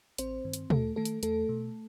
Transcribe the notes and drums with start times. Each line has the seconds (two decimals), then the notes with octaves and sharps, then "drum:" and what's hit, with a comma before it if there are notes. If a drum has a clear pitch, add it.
0.18 A1 C4 C5, drum: hi-hat
0.44 G2 D#3
0.53 drum: hi-hat
0.70 D#2 A3 A4, drum: tom
0.96 D#3 A3 A4
1.05 drum: hi-hat
1.23 E2 A3 A4, drum: hi-hat
1.49 B2